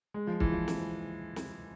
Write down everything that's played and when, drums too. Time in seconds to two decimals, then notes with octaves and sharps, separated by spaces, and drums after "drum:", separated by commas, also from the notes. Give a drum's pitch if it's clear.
0.14 G#3
0.27 F3
0.40 E3, drum: kick
0.52 F3
0.68 drum: snare
1.36 drum: snare